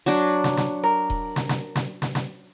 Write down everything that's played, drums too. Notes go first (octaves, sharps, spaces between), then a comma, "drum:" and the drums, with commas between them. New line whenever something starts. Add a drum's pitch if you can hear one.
F#3 D4
drum: snare
drum: snare
A#4
drum: kick D#1
drum: snare
drum: snare
drum: snare
drum: snare
drum: snare